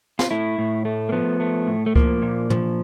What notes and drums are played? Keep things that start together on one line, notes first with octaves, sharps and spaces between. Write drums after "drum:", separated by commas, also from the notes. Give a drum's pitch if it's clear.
F4, drum: snare
A2 E4
A2
A3
A#3
F3 B3
A3
A2
A3
F3 A#3, drum: kick C#2
A#2
F3, drum: tom